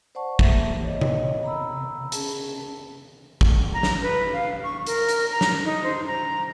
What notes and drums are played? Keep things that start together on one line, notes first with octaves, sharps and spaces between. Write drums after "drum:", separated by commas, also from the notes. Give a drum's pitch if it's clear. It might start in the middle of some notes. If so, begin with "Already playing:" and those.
C5 D5 F#5 A5 C#6
A#3 E5, drum: kick
C#5 D#5
drum: tom C3
A#5 B5 E6
C#4 G#4 A5, drum: hi-hat
drum: kick
A#5
drum: snare
B4
F5
C#6
A#4, drum: hi-hat
drum: hi-hat
A#5
drum: snare
D#4
C5
A#5